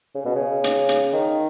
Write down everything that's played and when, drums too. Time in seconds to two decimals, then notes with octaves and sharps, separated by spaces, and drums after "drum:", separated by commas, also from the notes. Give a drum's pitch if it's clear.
0.15 C#3
0.25 B2
0.36 C#3
0.64 drum: hi-hat
0.89 drum: hi-hat
1.13 D#3